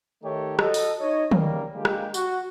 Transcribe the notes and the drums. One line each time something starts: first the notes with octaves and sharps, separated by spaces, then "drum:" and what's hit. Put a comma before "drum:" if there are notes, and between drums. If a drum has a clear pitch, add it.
D#3 A3 D#4 G4 A4 C#5
F#4 A4 D#5, drum: rim click
drum: open hi-hat
D#4 C#5 D#5
D#2 C#3 G3 A#3, drum: tom
D3 G#3 A#3 F4 G4
drum: rim click
F#4, drum: tambourine